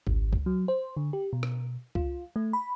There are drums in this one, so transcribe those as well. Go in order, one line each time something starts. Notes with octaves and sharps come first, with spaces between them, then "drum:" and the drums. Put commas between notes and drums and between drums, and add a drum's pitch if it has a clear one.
G#1, drum: kick C#2
drum: kick C#2
F#3
C5
D3
G4
B2
drum: rim click
F4, drum: kick C#2
A3
B5